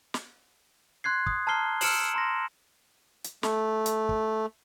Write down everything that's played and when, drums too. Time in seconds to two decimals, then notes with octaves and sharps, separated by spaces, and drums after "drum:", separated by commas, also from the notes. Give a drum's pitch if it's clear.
0.14 drum: snare
1.04 C6 F#6 G#6 C7
1.26 D#6, drum: kick
1.47 A5 A#5 F6 C7 G7
1.81 E6 F6 C#7 D7 E7 F#7, drum: open hi-hat
2.14 A#5 C6 A#6
3.24 drum: hi-hat
3.43 A3, drum: snare
3.86 drum: hi-hat
4.09 drum: kick